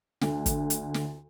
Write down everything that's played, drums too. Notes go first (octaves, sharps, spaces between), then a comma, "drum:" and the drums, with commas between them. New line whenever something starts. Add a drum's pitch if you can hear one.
D2 D3, drum: snare
drum: kick, hi-hat
drum: hi-hat
drum: snare